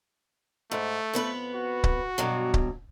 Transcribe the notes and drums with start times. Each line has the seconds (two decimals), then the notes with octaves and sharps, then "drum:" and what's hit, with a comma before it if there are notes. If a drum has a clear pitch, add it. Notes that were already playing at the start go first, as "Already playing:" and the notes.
0.71 G#2 A3
1.13 F2 B3 B4
1.55 F#4
1.84 drum: kick C#1
2.18 G2 B2 F#3
2.54 drum: kick C#1